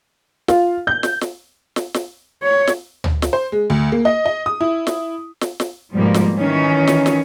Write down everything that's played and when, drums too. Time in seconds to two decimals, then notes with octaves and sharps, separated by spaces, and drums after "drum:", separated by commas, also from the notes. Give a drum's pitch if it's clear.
0.48 F4, drum: snare
0.87 G6
1.03 drum: snare
1.21 drum: snare
1.76 drum: snare
1.94 drum: snare
2.43 C#5
2.67 drum: snare
3.04 drum: tom
3.22 drum: snare
3.33 C5
3.52 G#3
3.70 D2
3.92 A#3
4.05 D#5
4.26 D#5
4.46 D#6
4.61 E4
4.87 drum: snare
5.41 drum: snare
5.60 drum: snare
5.94 G#2 B2 F3 G3 A#3
6.14 drum: snare
6.37 D#3 E3 C#4
6.87 drum: snare
7.06 drum: snare